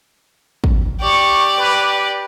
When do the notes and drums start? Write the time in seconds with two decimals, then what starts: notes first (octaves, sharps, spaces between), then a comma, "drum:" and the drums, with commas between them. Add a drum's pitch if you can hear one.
0.64 drum: kick
1.01 G4 D5 C#6
1.58 B4